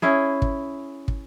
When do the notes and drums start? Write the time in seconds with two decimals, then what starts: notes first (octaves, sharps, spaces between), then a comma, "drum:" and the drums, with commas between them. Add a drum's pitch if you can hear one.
0.02 C#4 E4 G#4
0.42 drum: kick
1.08 drum: kick